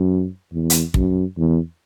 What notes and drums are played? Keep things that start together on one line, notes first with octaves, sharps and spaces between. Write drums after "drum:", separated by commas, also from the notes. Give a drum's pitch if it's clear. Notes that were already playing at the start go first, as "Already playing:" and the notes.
Already playing: F#2
E2
drum: hi-hat
F#2, drum: kick
E2